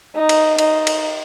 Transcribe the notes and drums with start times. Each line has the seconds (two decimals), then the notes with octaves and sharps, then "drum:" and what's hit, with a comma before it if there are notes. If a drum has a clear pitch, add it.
0.15 D#4
0.29 drum: cymbal
0.59 D#4, drum: cymbal
0.87 drum: cymbal